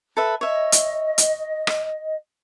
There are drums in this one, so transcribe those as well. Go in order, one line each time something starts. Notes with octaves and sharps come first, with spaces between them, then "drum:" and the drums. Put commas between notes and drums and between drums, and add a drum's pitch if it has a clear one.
A4 B4 E5
C#5 D#5 E5
drum: hi-hat
drum: hi-hat
drum: rim click